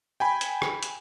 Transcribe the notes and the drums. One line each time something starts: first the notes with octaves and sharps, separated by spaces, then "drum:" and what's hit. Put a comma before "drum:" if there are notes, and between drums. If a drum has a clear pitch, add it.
G5 G#5 B5
drum: hi-hat
drum: rim click
drum: hi-hat